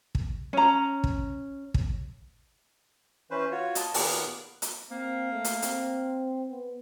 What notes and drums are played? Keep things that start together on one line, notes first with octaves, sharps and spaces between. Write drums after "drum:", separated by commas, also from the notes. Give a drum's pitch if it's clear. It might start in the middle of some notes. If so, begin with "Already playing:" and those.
drum: kick
C#4 A#5
drum: kick
drum: kick
E3 C#4 B4 C5
F4 F#4 C#5
D#5 A5, drum: hi-hat
A#2 D#3 B3 A#4 D6 F#6, drum: open hi-hat
drum: hi-hat
A#3 C4
A3
drum: hi-hat
C4, drum: hi-hat
B3